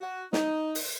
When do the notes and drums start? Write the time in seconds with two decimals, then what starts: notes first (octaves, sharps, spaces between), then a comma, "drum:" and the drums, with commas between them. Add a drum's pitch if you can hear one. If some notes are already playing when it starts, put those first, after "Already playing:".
0.01 F#4
0.33 D#4, drum: snare
0.75 drum: open hi-hat